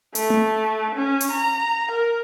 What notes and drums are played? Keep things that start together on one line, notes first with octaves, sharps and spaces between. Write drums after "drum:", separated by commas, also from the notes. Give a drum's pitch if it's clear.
A3, drum: hi-hat
drum: tom A3
C#4
drum: hi-hat
A#5
A#4